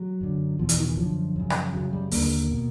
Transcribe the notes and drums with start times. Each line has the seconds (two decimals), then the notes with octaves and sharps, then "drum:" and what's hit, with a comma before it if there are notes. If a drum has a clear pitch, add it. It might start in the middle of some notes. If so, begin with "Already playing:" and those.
Already playing: F#3
0.21 F#2 D3
0.59 E2 B2 F3
0.69 E3, drum: hi-hat
0.78 D#3
0.87 E3
0.97 F#2 D3 F3
1.36 F#2 C#3
1.50 drum: rim click
1.74 F#2 C#3 F#3
1.93 G3
2.11 D#2 D3 A#3, drum: open hi-hat
2.51 B2